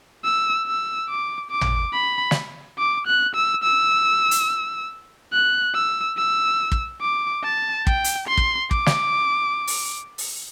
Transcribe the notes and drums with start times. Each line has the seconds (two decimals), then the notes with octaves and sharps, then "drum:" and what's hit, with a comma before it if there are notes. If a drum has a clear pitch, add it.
0.24 E6
0.67 E6
1.09 D6
1.51 D6
1.61 drum: tom
1.93 B5
2.31 drum: snare
2.79 D6
3.07 F#6
3.35 E6
3.63 E6
4.31 drum: hi-hat
5.32 F#6
5.75 E6
6.17 E6
6.72 drum: kick
7.01 D6
7.44 A5
7.87 G5, drum: kick
8.04 drum: hi-hat
8.28 C6
8.37 drum: kick
8.71 D6, drum: kick
8.86 drum: snare
9.67 drum: open hi-hat
10.18 drum: open hi-hat